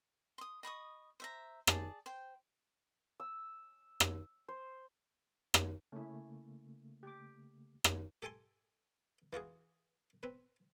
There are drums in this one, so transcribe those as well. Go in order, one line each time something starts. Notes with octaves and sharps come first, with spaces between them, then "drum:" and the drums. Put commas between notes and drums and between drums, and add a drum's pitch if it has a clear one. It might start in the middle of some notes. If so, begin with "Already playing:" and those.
C6 D#6
D#5 B5 C#6 D#6
C5 E5 A#5
G#4 D5 A5, drum: rim click
C5 G5
E6
drum: rim click
C5
drum: rim click
C#3 A3 A#3 C#4 E4
G4 D6
drum: rim click
G4 A4 G5 G#5 C6
E3 F4 F#4 G#4
C4 B4